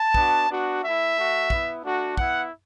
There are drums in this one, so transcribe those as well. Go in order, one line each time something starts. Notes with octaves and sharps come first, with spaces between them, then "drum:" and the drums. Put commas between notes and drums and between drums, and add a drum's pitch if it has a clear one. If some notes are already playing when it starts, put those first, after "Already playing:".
Already playing: A5
B3 D4 F#4, drum: kick
B3 D4 F#4
A3 E4 E5
A3 F#4
B3 E4, drum: kick
A3 D4 F#4
B3 E4 F#5, drum: kick